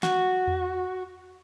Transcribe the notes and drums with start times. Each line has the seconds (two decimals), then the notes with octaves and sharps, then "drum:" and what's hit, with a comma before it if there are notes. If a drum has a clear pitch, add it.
0.03 F#4, drum: snare
0.47 drum: tom E2